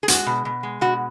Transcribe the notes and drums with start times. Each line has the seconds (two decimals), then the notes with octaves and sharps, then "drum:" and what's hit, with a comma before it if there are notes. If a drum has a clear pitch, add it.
0.03 G#4
0.08 G#3 F#4, drum: hi-hat
0.26 B2
0.45 B2
0.63 G#3
0.81 B2 F#4